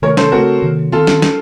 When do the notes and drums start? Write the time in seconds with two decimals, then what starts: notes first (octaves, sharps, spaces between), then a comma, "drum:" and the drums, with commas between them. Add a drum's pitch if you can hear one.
0.02 C3 D#3 A3 A#4 C#5
0.17 A4 C5, drum: snare
0.32 C#3 A3 C4 F#4 A#4
0.62 C3 D#3 A#3
0.92 D#3 C4 F4 A4
1.07 drum: snare
1.22 drum: snare